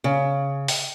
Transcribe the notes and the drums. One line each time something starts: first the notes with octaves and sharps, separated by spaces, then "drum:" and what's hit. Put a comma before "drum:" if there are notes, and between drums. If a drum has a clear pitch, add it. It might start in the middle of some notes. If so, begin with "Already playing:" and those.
C#3
drum: open hi-hat